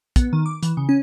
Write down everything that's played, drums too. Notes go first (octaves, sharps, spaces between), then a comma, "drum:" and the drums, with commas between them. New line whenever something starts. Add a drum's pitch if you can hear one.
B3, drum: kick, hi-hat
D#3
D6
E3, drum: hi-hat
C#3
C#4